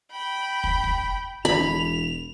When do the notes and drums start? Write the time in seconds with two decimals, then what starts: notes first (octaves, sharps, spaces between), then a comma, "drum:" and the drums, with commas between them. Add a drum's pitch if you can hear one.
0.11 G5 B5
0.64 drum: kick
0.84 drum: kick
1.45 E1 B5 F7